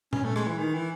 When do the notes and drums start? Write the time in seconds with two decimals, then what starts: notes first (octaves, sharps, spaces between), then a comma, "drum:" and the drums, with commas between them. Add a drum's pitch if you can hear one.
0.13 C#4, drum: tom A#2
0.24 A3
0.36 G#3, drum: rim click
0.47 E3
0.59 D#3
0.74 E3